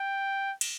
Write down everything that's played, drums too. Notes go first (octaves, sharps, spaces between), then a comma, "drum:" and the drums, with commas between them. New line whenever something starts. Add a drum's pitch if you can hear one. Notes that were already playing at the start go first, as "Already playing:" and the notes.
Already playing: G5
drum: cymbal